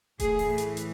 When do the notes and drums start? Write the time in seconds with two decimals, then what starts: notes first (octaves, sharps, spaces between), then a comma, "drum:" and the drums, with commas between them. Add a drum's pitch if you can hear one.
0.20 A2 E3 A3 G#4, drum: kick D#1, hi-hat
0.39 drum: open hi-hat
0.48 A3
0.58 drum: hi-hat
0.77 drum: hi-hat